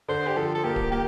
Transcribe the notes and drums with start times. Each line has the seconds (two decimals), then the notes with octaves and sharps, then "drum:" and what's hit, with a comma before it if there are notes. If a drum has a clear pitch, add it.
0.08 D3 C5
0.27 G4
0.36 F3 A4
0.55 A4
0.64 A#3 G4
0.76 drum: kick D1
0.91 A#3 G4